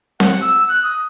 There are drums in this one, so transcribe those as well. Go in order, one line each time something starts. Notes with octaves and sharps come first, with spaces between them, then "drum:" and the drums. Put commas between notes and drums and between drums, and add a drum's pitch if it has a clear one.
F#5, drum: snare C4
E6
F#6
D#6